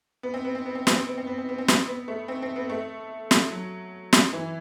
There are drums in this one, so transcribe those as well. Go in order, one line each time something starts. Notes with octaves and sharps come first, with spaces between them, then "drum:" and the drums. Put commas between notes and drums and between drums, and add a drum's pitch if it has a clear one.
B3
C4
B3
C4
B3
C4
B3, drum: snare
C4
B3
C4
B3
C4
B3
C4
B3, drum: snare
B3
A3
C4
C4
B3
A3
drum: snare
F#3
drum: snare
E3